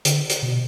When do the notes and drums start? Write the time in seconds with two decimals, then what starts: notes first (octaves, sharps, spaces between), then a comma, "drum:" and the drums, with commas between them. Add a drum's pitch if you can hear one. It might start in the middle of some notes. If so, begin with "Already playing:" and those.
0.05 D3, drum: hi-hat
0.30 drum: hi-hat
0.42 B2